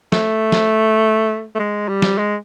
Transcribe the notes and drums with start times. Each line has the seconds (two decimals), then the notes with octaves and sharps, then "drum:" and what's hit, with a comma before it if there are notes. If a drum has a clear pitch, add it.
0.12 A3, drum: snare
0.52 drum: snare
1.55 A3
1.59 G#3
1.89 G3
2.02 drum: snare
2.18 G#3